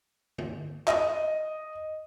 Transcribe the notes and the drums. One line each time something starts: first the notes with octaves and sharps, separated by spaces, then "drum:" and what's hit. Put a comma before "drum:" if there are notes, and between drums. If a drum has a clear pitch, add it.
drum: tom D3
D#5, drum: clap